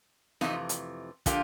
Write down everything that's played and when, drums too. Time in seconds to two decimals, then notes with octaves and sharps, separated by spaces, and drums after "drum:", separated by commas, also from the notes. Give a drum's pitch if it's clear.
0.41 F2 C3 E3 A3 D#4 F4, drum: snare
0.69 drum: hi-hat
1.26 D3 F3 A#3 F4 G4, drum: kick, hi-hat